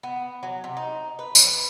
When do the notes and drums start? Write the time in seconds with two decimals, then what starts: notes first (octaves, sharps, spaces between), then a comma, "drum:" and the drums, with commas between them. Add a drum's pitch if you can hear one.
0.03 B3
0.43 F#3
0.64 C3
0.77 D#4
1.19 B4
1.35 drum: tambourine